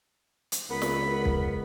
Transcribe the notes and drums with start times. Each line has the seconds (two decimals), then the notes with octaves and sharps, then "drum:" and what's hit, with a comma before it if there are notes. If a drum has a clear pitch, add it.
0.52 drum: hi-hat
0.70 C#2 B3 A#4 B5
0.82 drum: snare
1.25 drum: kick